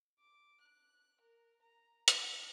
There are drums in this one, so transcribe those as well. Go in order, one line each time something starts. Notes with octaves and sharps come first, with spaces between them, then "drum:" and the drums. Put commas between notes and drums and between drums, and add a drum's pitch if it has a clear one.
D6
F#6
A#4
A#5
A4, drum: hi-hat